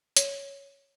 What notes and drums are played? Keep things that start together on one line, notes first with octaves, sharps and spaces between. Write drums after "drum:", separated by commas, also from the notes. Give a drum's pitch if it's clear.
C#5, drum: hi-hat